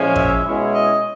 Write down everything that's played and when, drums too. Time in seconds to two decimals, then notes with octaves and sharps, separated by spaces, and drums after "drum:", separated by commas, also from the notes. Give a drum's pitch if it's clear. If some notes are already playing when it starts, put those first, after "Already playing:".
Already playing: A#2 F3 G#3 C#4 E4
0.16 E5, drum: kick
0.45 B2 G#3 C#4 E4
0.73 D#5